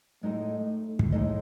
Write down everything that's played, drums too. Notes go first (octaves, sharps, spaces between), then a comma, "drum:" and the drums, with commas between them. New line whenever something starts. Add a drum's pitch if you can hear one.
A2 G#3 A3 D#4 A4 D#5
drum: kick
A2 G#3 D#4 A4 D#5